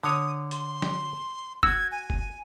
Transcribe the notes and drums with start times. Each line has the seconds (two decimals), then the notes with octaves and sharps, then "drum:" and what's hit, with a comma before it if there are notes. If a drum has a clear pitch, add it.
0.03 D3 C#5 D#6
0.51 C6, drum: hi-hat
0.82 drum: snare
1.63 F#4 E6 G#6, drum: kick
1.91 G#5
2.10 drum: kick